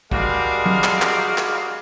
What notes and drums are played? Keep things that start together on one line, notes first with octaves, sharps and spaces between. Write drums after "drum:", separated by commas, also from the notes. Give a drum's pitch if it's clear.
G3 G#3 D4 F#4 A#4 F5, drum: kick
drum: tom
drum: clap
drum: clap
drum: clap